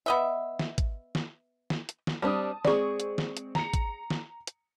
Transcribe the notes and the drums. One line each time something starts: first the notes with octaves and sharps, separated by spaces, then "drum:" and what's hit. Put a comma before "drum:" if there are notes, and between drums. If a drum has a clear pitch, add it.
B3 D#5 E5
drum: snare
drum: kick, hi-hat
drum: snare
drum: snare
drum: hi-hat
drum: snare
G3 C4 D4 A5 D#6
G#3 C4 G#4 D5 C#6, drum: snare
drum: hi-hat
drum: snare
drum: hi-hat
A#5 C#7, drum: snare
drum: kick, hi-hat
drum: snare
drum: hi-hat